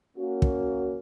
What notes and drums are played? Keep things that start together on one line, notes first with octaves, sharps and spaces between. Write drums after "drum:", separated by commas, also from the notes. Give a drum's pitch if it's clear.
A#3 C#4 F#4
drum: kick